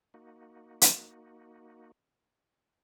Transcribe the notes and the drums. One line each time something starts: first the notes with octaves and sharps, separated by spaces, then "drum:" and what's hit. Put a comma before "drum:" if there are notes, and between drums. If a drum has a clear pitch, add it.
A#3 D#4 F#4
drum: hi-hat